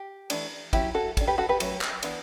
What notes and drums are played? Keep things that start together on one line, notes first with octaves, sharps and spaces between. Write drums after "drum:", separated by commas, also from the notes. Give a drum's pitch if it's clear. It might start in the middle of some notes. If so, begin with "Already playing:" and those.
Already playing: G4
E3 A3 D4, drum: cymbal
F#3 C#4 E4 G4, drum: kick, cymbal
F#4 A4
G3 D4, drum: kick, cymbal
G4 B4
F#4 A4
G4 B4
F#3 A3 C#4, drum: cymbal
drum: clap
E3 B3 D4, drum: cymbal